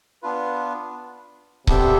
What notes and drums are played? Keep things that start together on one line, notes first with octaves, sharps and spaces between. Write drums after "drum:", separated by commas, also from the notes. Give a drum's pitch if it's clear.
B3 D4 F4 B4
C3 B3 D4 A4 E5 G5, drum: kick C#1